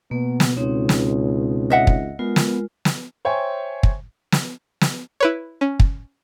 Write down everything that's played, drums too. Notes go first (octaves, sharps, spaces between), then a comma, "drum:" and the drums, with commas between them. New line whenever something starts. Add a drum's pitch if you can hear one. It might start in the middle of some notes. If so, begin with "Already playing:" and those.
B2 A#3 B3
drum: snare
C#2 C4 D#4 C#5
drum: snare
D#5 E5 F#5
drum: kick
G#3 B3 F4 A#4
drum: snare
drum: snare
C5 C#5 E5 G5 G#5 C6
drum: kick
drum: snare
drum: snare
E4 B4 C#5
C#4
drum: kick